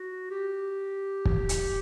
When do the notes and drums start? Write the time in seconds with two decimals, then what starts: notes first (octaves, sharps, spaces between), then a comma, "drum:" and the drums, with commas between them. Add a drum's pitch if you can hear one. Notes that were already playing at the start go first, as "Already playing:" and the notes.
Already playing: F#4
0.31 G4
1.25 drum: kick
1.49 drum: hi-hat